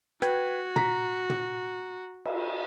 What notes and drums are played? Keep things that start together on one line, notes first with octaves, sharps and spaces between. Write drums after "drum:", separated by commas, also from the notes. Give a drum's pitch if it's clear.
F#4 B4 G5 G#6, drum: rim click
A#5 B6, drum: tom
drum: tom
drum: cymbal